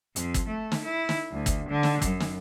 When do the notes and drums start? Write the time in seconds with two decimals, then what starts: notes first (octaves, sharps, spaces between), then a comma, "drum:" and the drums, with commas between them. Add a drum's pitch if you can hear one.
0.16 F2, drum: hi-hat
0.34 drum: kick G1, hi-hat
0.47 A3
0.72 drum: snare
0.84 E4
1.09 drum: snare
1.32 D2
1.46 drum: kick G1, hi-hat
1.69 D3
1.83 drum: snare
2.02 F#2, drum: kick G1, hi-hat
2.20 drum: snare